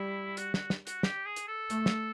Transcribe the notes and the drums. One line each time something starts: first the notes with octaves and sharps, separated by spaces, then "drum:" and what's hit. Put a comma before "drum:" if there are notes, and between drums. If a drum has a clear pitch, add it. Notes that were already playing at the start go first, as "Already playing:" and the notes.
Already playing: G3 E4
F#4, drum: hi-hat
F#4, drum: snare
drum: snare
F#4, drum: hi-hat
G4, drum: snare
G#4
drum: hi-hat
A4
A3, drum: hi-hat
drum: snare